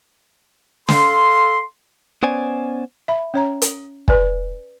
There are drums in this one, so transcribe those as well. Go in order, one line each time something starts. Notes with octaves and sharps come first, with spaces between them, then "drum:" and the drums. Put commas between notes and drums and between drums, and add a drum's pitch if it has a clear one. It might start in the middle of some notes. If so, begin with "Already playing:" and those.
A4 F5 C6, drum: snare
B3 C#4 C5 D5 G#5
E5 B5
C#4 C#5 A#5
drum: hi-hat
B4 D5 G#5, drum: kick